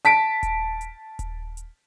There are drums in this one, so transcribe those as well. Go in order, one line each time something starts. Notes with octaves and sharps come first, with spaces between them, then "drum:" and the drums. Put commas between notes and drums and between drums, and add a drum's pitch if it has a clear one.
A5 B6 D7, drum: hi-hat
drum: kick D#1, hi-hat
drum: hi-hat
drum: kick D#1, hi-hat
drum: hi-hat